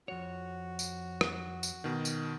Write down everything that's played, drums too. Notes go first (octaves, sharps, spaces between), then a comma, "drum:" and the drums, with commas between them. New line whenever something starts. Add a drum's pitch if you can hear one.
F2 F#4 C#5
drum: tambourine
drum: rim click
drum: tambourine
B2 D#3
drum: tambourine